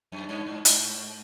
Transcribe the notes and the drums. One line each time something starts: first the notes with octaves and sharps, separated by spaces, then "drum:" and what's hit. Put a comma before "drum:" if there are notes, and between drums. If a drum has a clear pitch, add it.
F#2
G2
G#2
G#2, drum: hi-hat